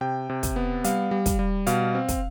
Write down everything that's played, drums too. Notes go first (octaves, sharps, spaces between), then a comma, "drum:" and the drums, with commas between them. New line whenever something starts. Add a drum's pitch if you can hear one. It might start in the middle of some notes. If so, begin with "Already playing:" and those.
C3 G5
C3
drum: kick, hi-hat
B3
G3 F5, drum: hi-hat
G3
drum: kick, hi-hat
G3
B2 F5, drum: hi-hat
C4
drum: kick, hi-hat